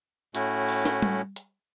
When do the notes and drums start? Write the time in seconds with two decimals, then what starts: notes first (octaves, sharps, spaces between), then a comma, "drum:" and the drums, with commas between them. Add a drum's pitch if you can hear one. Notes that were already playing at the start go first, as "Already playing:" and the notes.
0.35 A2 A3 C#4 E4 F#4, drum: hi-hat
0.69 drum: open hi-hat
0.85 drum: snare
1.02 drum: tom G3
1.36 drum: hi-hat